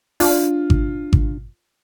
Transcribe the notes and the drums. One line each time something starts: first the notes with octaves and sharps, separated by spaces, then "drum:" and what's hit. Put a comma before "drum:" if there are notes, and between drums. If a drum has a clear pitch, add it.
D4 F4, drum: open hi-hat
drum: kick G#1
drum: kick G#1